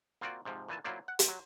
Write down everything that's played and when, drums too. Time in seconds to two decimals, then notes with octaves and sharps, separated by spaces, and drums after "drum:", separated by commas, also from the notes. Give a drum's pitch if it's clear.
0.21 A#3 C4 F4 F#4 D5
0.45 G#2 C3 F3
0.69 A#2 E3 G#5 A5
0.84 F#3 A#3 E4 F4 C5 D5
1.08 F#5
1.19 drum: hi-hat
1.28 F#3